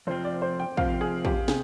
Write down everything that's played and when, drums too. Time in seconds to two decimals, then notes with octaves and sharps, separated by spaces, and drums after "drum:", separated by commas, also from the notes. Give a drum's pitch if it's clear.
0.07 F2 C3 F3 C4 C5
0.25 D5
0.42 C5
0.60 G5
0.77 F2 C3 F3 C4 F5, drum: kick
1.01 G#4
1.25 G4, drum: kick
1.48 C3 G#4, drum: snare